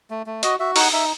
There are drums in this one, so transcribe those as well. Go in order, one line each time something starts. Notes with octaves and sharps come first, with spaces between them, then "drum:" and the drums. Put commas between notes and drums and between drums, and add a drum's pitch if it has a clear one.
A3
A3
F#4 D#5, drum: hi-hat
F#4 E5
D#4 F#5, drum: open hi-hat
D#4 E5